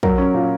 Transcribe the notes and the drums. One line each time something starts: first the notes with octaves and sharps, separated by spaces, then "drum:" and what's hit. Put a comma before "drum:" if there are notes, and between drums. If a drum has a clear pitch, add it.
F#3 A#4, drum: kick
C#4
A#2